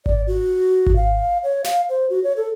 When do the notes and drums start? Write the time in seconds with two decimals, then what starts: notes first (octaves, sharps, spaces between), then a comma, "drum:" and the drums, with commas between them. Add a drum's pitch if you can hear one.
0.06 D5, drum: kick G#1
0.27 F#4
0.87 drum: kick G#1
0.96 F5
1.44 C#5
1.64 F5, drum: snare
1.90 C5
2.10 F#4
2.24 C#5
2.37 A4